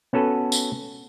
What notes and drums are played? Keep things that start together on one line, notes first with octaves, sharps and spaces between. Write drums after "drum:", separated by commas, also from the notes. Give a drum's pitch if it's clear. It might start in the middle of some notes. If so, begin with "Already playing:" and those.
B3 C#4 F#4 A4 B4
drum: tambourine